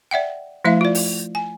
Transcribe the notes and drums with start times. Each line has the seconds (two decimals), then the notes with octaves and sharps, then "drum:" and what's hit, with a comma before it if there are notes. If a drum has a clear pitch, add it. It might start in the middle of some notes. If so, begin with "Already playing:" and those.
0.11 D5 E5 F#5 G5
0.65 F3 A3 E4 E5 F5
0.81 F4 D5
0.95 drum: open hi-hat
1.35 G#5